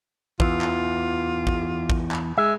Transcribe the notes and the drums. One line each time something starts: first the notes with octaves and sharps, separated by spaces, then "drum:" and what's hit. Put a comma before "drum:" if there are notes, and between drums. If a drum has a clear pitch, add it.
E2 E3 F4, drum: kick
drum: clap
drum: kick
drum: kick
drum: clap
G#3 E5